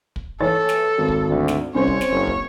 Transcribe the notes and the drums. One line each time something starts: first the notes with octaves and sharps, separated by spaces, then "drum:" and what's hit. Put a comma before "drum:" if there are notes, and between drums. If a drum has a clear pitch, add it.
drum: kick
E3 A4 C#5 A6
drum: snare
G#1
drum: kick
D2
drum: snare
C2 C4 C#4 C5 C#5
drum: kick
drum: snare
F#1
drum: kick